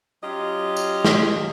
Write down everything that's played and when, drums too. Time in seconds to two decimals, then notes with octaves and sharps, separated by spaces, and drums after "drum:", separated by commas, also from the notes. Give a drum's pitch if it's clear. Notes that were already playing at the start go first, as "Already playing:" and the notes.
0.23 F#3 C#4 F4 G4 D#5
0.77 drum: tambourine
1.05 drum: snare